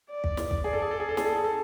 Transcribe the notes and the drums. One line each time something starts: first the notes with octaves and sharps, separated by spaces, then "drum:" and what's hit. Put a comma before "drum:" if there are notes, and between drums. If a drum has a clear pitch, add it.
D5
drum: kick
drum: snare
drum: kick
G#4 D5
A4
G#4
A4
G#4
A4
G#4, drum: snare
A4
G#4
A4